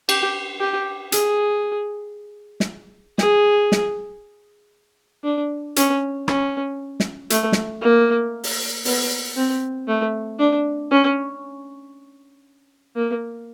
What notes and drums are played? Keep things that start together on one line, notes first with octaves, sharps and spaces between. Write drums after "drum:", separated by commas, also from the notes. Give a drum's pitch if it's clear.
G4, drum: cymbal
G4
G#4, drum: hi-hat
drum: snare
G#4, drum: snare
drum: snare
D4
C#4, drum: hi-hat
C#4, drum: rim click
drum: snare
A3, drum: hi-hat
drum: snare
A#3
drum: open hi-hat
B3, drum: open hi-hat
C4
A3
D4
C#4
A#3